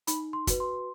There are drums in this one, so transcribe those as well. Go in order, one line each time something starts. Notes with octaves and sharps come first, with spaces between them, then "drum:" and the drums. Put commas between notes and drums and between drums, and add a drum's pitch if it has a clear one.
D#4 B5, drum: hi-hat
C6
F#4 B4, drum: kick, hi-hat
C6